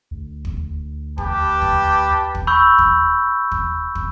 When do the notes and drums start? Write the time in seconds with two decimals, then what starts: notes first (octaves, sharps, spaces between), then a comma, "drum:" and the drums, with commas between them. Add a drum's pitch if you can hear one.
0.11 D2
0.45 drum: kick
1.18 G4 B4 A5, drum: kick
1.62 drum: kick
2.35 drum: kick
2.47 B5 C#6 E6 G6
2.78 drum: kick
3.52 drum: kick
3.95 drum: kick